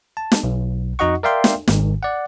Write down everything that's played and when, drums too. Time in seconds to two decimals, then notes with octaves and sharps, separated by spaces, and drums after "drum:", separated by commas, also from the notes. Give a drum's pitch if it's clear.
0.17 A5
0.32 drum: snare
0.44 B1
0.99 F2 D#4 F#4 D#5 F#5 C#6
1.23 A#4 D5 E5 F5 G5 C6
1.44 drum: snare
1.68 G#1 G#2 D#3, drum: snare
2.03 D5 F#5